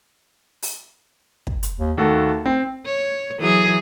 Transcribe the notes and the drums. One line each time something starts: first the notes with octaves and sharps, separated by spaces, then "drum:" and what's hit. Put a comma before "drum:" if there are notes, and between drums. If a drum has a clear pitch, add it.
drum: open hi-hat
drum: kick
drum: hi-hat
D#2
D#2 A3 F#4 A4
C4
C#5
E3 F#3 G#4